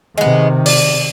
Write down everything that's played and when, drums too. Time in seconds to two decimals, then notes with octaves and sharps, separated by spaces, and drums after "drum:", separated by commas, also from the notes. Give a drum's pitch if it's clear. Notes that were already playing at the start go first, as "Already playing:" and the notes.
0.18 C3 D#3 G#3 B3
0.66 D5, drum: open hi-hat